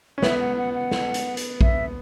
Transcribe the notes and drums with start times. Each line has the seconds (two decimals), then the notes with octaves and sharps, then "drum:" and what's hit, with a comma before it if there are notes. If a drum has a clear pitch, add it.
0.18 C#4
0.22 B3 E5, drum: snare
0.40 F#5
0.58 F#5
0.74 F#5
0.91 drum: snare
1.14 drum: hi-hat
1.37 drum: hi-hat
1.61 E5, drum: kick A#1